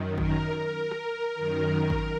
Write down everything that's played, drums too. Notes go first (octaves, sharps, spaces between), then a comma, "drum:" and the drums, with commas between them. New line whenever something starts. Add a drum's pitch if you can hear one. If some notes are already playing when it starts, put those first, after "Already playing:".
Already playing: F#2 D#3
A#4, drum: kick G#1
A#4
drum: rim click
F#2 D#3
drum: kick G#1